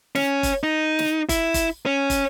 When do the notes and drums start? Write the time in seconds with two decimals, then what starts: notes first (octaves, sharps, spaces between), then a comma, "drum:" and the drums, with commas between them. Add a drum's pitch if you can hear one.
0.15 C#4, drum: snare
0.43 drum: kick, hi-hat
0.63 D#4
0.99 drum: snare
1.29 E4, drum: kick, hi-hat
1.54 drum: kick, hi-hat
1.86 C#4
2.10 drum: kick, hi-hat